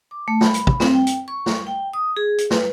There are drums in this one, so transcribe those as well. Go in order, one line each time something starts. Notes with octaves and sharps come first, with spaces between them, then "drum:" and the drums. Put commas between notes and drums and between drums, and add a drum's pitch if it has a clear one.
D6
A3
B5, drum: snare
drum: hi-hat
drum: kick
C4, drum: snare
G5
drum: hi-hat
C#6
drum: snare
G5
D#6
G#4
drum: hi-hat
B4, drum: snare